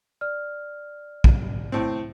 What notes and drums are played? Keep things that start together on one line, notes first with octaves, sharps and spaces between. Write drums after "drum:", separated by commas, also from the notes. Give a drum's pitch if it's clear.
D5 F6
drum: kick
A2 C4